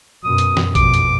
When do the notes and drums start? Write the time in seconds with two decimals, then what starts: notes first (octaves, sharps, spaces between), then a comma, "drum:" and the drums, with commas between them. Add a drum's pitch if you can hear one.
0.24 F#2 B2 D#6
0.38 drum: hi-hat
0.57 drum: snare
0.75 F2 B2 D6, drum: kick A1, hi-hat
0.94 drum: hi-hat